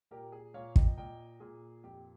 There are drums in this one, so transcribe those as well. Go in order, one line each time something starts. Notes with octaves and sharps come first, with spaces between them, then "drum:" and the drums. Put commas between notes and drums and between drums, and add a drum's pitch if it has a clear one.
A#2 G4 A#4
G#4
A#2 C#5 F5
D#5 G5, drum: kick
A#2 D#5 G5
A#2 G#4
F2 G4